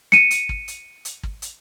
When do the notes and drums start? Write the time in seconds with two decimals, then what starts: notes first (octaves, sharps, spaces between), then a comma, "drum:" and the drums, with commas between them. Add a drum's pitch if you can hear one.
0.12 C#7 D#7, drum: snare
0.31 drum: hi-hat
0.49 drum: kick G#1
0.68 drum: hi-hat
1.05 drum: hi-hat
1.23 drum: kick G#1
1.42 drum: hi-hat